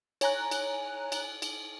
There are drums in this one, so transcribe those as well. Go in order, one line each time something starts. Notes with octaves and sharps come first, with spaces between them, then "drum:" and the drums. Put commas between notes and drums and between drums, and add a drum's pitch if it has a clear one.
C#5 G#5 A#5 F#6, drum: cymbal
drum: cymbal
drum: cymbal
drum: cymbal